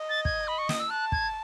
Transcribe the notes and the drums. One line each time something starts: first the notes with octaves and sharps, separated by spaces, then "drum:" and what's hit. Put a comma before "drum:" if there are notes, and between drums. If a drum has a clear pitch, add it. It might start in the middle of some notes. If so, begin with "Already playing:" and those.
Already playing: D#5
A6
G#6, drum: kick
B5
C#6
D#6, drum: snare
E6
A5 F#6
G#6, drum: kick